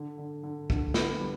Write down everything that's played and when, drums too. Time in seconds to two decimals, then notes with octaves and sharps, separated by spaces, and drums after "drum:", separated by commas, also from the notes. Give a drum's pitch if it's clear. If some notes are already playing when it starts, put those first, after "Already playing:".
Already playing: D3
0.18 D3
0.43 D3
0.70 D3, drum: kick
0.94 B3, drum: snare
1.20 G3